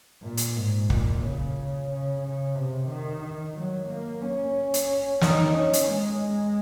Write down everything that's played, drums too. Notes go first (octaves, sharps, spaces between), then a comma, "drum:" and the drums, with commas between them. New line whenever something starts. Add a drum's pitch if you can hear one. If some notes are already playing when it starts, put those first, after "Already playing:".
A#2
drum: hi-hat
G#2
A#2, drum: kick
C#3
C#3
C#3
C3
D#3
F#3
A#3
C#4
drum: hi-hat
D#4, drum: snare
C#4
drum: hi-hat
G#3